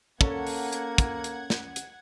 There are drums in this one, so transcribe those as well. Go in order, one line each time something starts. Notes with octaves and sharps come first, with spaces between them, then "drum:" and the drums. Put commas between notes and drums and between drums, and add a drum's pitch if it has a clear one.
A#3 C#4 A4 C#5 F#5 G#6, drum: kick
drum: open hi-hat
drum: hi-hat
drum: kick, hi-hat
drum: hi-hat
drum: snare
drum: hi-hat